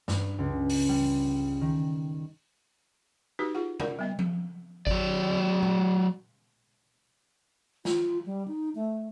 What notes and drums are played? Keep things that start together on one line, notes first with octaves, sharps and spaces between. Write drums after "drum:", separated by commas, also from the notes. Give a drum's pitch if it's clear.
G2, drum: snare
C#2
drum: open hi-hat
G3
D#3
D#4 F#4 G4 B4
F4 G#4 F#5
A#4 D5 F#5, drum: tom
G3 B3 D#5
drum: tom F3
F#3 D5, drum: kick G#1
drum: tom A#2
F4, drum: snare
G3
D#4
A3